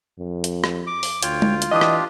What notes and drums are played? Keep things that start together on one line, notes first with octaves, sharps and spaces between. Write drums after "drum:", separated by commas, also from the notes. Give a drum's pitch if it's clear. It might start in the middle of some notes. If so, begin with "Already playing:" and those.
F2
drum: hi-hat
drum: rim click
D6
drum: open hi-hat
D2 F4 C#5 G5, drum: hi-hat
drum: tom G#3
drum: hi-hat
E3 D4 G4 D#5 D#6
drum: rim click